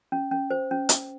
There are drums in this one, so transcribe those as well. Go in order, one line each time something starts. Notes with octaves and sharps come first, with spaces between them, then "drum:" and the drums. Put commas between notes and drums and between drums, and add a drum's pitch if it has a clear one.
C#4
C#4
C5
C#4
drum: hi-hat